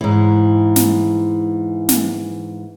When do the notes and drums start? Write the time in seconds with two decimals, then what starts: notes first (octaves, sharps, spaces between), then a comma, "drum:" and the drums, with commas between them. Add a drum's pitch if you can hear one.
0.01 G#2 E3
0.76 drum: snare
1.89 drum: snare